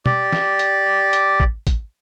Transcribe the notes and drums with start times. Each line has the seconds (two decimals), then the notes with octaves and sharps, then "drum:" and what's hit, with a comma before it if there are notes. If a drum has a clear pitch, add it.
0.06 G4 D5, drum: tom
0.32 drum: snare
0.59 drum: hi-hat
1.13 drum: hi-hat
1.40 drum: kick
1.67 drum: kick, hi-hat